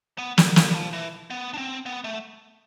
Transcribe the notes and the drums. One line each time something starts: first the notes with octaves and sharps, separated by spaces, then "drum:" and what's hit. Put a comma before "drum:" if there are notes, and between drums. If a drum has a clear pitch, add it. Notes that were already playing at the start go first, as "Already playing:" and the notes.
B3
G3, drum: snare
F3, drum: snare
G3
F3
E3
B3
D4
C4
B3
A3